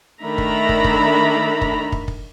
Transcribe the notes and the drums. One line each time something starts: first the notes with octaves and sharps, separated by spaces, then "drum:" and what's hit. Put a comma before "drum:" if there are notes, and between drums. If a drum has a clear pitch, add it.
D#3 A3 D4 E5 A#5 B5
drum: kick
drum: kick
drum: kick
drum: kick
drum: kick
drum: kick